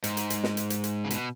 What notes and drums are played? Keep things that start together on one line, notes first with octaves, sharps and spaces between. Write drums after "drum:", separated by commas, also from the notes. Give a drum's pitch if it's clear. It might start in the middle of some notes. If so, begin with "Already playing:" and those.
G#2, drum: hi-hat
drum: hi-hat
drum: hi-hat
drum: snare
drum: hi-hat
drum: hi-hat
drum: hi-hat
C#3
B2, drum: hi-hat